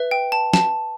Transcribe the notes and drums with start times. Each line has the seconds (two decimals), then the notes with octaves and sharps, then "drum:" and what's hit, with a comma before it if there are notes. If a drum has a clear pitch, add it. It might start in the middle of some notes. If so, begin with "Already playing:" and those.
Already playing: B4 E5
0.11 G5
0.32 A5
0.53 A5, drum: snare